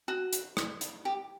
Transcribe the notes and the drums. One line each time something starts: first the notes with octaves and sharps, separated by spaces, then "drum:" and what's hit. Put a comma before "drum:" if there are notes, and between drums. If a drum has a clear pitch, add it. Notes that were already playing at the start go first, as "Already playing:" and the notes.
F#4
drum: hi-hat
drum: rim click
drum: hi-hat
G4